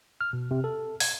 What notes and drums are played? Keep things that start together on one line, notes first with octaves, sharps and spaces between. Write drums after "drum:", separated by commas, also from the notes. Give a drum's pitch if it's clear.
F6
B2
C3
A4
G#6, drum: open hi-hat